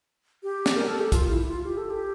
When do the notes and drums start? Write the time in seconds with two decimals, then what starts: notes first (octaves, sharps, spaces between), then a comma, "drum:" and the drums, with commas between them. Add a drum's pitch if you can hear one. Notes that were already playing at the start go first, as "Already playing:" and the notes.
0.43 G4
0.66 drum: snare
0.76 A#4
0.88 A4
1.00 G4
1.12 F4, drum: kick, hi-hat
1.30 E4
1.47 F4
1.64 G4
1.77 A4
1.90 G4